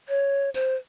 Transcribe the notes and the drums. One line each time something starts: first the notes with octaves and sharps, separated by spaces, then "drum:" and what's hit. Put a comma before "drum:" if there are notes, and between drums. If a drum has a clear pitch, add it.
C#5
C5, drum: tambourine